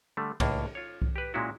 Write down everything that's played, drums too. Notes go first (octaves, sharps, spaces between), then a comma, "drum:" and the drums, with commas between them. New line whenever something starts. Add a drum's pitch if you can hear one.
D3 G3 A3
C#2 A2 A#3 D4, drum: kick C2, cymbal
F4 C#5
drum: kick C2
G4 B4
A#2 G#3 C#4 E4 F#4